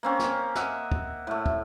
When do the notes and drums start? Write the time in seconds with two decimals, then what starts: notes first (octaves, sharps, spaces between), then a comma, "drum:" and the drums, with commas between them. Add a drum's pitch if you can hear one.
0.03 A#3 C4 C#4
0.19 drum: snare
0.55 D#5 E5 F#5 D6, drum: snare
0.92 drum: kick
1.27 A2 A3
1.46 drum: kick